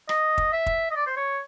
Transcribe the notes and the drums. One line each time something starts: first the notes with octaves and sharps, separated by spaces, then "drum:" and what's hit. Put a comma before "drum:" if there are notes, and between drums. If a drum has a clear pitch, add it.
D#5, drum: rim click
drum: kick
E5
drum: kick
D#5
D5
C5
C#5